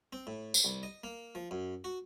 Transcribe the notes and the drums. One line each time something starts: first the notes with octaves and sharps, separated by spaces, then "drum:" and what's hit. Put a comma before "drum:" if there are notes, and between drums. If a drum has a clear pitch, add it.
C4
A2
drum: tambourine
C2
D#5
A#3
F3
F#2
F#4